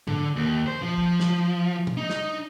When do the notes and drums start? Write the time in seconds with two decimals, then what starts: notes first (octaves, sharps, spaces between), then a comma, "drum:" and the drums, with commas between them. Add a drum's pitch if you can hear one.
0.08 D3, drum: tom G#2
0.36 D#2
0.66 C5
0.82 F3
0.97 drum: kick
1.20 drum: snare
1.87 drum: tom
1.97 D#4
2.10 drum: snare